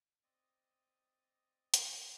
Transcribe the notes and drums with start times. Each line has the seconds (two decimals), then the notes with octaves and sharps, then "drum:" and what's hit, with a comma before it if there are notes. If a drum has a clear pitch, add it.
0.24 C4 D5 D#5 D#6
1.74 drum: hi-hat